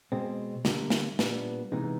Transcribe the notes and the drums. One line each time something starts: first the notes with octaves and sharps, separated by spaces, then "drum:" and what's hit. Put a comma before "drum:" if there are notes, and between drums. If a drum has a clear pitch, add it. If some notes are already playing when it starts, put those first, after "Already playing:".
B2 G#3 C4
D3 G3 A#3, drum: snare
drum: snare
A#2 G3 B3 D4, drum: snare
C3 E3 G#3 B3 D#4